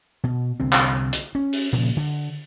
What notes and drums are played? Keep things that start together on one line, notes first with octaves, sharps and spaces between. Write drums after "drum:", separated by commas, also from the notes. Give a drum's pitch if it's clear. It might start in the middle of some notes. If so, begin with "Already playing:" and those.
B2
C2 D3 C4
drum: clap
drum: hi-hat
C#4
drum: open hi-hat
A#2 C#3 F3
D3